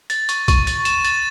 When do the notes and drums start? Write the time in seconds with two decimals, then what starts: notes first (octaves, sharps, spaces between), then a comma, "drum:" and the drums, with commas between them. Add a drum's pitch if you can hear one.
0.10 A6, drum: hi-hat
0.29 C#6, drum: hi-hat
0.48 C#6, drum: kick A#1, hi-hat
0.67 A6, drum: hi-hat
0.85 E7, drum: hi-hat
1.04 A6, drum: hi-hat